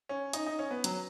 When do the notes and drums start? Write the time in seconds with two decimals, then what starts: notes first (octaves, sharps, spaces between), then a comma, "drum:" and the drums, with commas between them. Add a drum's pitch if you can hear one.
0.09 C#4
0.33 D#4, drum: hi-hat
0.46 D#4
0.59 C#4
0.71 B3
0.84 F#3, drum: hi-hat